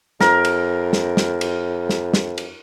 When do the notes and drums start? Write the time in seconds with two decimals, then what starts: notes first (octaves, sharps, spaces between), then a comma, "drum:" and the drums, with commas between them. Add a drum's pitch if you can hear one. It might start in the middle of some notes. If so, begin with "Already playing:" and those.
0.20 F2 A#4, drum: snare
0.45 drum: cymbal
0.93 drum: snare
1.17 drum: snare
1.41 drum: cymbal
1.89 drum: snare
2.14 drum: snare
2.38 drum: cymbal